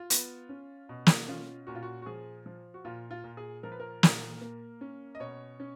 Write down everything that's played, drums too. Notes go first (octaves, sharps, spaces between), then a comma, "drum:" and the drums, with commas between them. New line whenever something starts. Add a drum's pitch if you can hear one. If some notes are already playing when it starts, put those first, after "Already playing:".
Already playing: F4
B3, drum: hi-hat
C#4
B2
drum: snare
C#4 F4
A#2 F#4
F4
F#4
F#4
F3 G#4
F3
F#4
A#2 F4
F4
A#2
G#4
F3 A#4
B4
A#4
A#2, drum: snare
A#3
C#4
D#5
B2 C#5
C#4